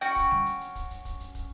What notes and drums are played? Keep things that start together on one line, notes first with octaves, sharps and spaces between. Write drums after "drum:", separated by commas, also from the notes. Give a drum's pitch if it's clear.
C#4 F#4 G5, drum: hi-hat
drum: kick, hi-hat
drum: snare G3
drum: hi-hat
drum: hi-hat
drum: kick, hi-hat
drum: hi-hat
drum: kick, hi-hat
drum: hi-hat
drum: kick, hi-hat